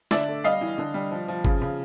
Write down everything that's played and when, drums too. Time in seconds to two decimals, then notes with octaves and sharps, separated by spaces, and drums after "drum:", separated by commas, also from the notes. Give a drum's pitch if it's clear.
0.11 D3 D5 E5, drum: snare
0.28 A3
0.44 G3 D#5 F5
0.61 E3
0.78 D3
0.94 G3
1.11 F3
1.28 F3
1.45 C#3, drum: kick G1
1.62 C#3